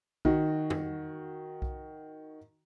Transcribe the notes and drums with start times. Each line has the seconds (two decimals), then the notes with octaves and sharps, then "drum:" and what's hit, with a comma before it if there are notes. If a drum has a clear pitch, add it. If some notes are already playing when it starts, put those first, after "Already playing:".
0.25 D#3 F#4, drum: kick B1
0.70 drum: tom
1.62 drum: kick B1